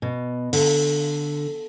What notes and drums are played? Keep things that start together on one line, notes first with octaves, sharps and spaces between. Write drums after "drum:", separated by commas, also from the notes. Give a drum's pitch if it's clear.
B2
D3, drum: open hi-hat